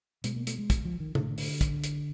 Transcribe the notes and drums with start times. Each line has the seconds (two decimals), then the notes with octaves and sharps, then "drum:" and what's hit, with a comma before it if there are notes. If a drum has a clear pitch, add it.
0.24 B2 G#3, drum: hi-hat
0.36 A#3
0.47 A3, drum: hi-hat
0.58 G#3
0.70 drum: kick, hi-hat
0.85 F3
1.00 D#3
1.15 A2 D3, drum: tom C3
1.38 D3, drum: open hi-hat
1.61 drum: kick, hi-hat
1.84 drum: hi-hat